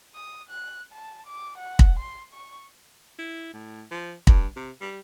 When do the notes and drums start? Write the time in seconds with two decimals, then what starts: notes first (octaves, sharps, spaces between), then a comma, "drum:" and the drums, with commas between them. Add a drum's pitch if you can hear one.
0.15 D#6
0.50 F#6
0.93 A5
1.27 D6
1.58 F#5
1.79 drum: kick
2.00 C6
2.34 C#6
3.19 E4
3.53 A2
3.91 F3
4.27 G2, drum: kick
4.56 C3
4.81 G3